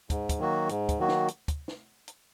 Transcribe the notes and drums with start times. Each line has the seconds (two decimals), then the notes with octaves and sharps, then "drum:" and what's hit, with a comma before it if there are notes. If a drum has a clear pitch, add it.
0.10 G#2, drum: kick, hi-hat
0.29 drum: kick, hi-hat
0.40 D#3 F#3 A#3 F#4
0.69 G#2, drum: hi-hat
0.89 drum: kick, hi-hat
0.99 D#3 F#3 A#3 F#4
1.09 drum: snare
1.28 drum: hi-hat
1.48 drum: kick, hi-hat
1.68 drum: snare
2.08 drum: hi-hat